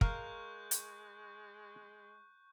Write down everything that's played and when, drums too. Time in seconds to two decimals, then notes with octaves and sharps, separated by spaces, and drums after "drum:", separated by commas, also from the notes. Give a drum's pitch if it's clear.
0.01 G#3 A#4 F5 C#6 F#6 G6, drum: kick
0.71 drum: hi-hat